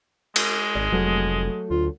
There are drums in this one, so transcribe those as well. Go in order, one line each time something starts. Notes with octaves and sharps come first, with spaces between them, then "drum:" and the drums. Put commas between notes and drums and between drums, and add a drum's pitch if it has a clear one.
G#3, drum: cymbal
G#1 D5
F1 F#3 A3 A4
D2 F4